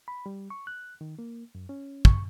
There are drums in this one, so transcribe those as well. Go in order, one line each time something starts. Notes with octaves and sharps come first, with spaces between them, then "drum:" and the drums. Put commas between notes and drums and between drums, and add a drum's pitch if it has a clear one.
B5
G3
C#6
F#6
D#3
A#3
F#2
C#4
C#6, drum: kick